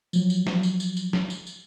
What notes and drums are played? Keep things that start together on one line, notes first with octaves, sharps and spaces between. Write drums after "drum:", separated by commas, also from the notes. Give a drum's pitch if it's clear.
F3 F#3, drum: tambourine
drum: tambourine
drum: snare
drum: tambourine
drum: tambourine
drum: tambourine
drum: snare
drum: tambourine
drum: tambourine